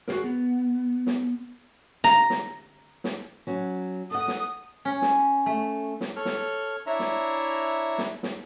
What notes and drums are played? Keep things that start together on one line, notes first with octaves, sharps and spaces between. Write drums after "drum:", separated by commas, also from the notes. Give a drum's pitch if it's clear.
F#4 G#4 A#4, drum: snare
B3
drum: snare
A#5, drum: snare
drum: snare
drum: snare
F#3 C#4
A4 F#5 D#6
drum: snare
C#4
drum: snare
A3
drum: snare
A4 C#5 F6
drum: snare
D4 E4 C#5 E5 A#5
drum: snare
drum: snare
drum: snare